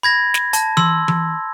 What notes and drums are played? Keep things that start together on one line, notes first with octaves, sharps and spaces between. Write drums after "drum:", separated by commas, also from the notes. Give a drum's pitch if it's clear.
B5 G#6 A#6
drum: snare
A5, drum: hi-hat
C6 E6, drum: tom E3
drum: tom E3